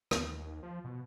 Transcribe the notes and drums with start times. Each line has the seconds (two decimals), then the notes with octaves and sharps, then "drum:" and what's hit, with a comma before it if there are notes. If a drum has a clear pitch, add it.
0.11 D#2, drum: rim click
0.63 F3
0.84 B2